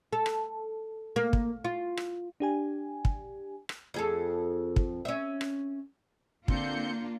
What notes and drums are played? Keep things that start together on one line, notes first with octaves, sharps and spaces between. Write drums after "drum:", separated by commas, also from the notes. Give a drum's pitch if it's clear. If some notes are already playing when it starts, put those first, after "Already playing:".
A4
drum: rim click
A#3
drum: kick
F4
drum: rim click
D4 G4 G#5
drum: kick
drum: rim click
F2 G#4 A4
drum: kick
C#4 E5
drum: rim click
D3 A#3 C4 D4 F4 G6 C#7, drum: kick